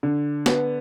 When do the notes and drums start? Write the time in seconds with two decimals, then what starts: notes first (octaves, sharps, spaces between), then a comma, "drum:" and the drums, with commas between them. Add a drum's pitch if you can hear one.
0.03 D3
0.46 B3, drum: snare